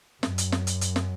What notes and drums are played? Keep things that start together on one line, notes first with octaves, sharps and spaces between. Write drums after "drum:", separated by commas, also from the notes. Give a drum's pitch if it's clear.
F#2, drum: snare
drum: hi-hat
drum: snare
drum: hi-hat
drum: hi-hat
drum: snare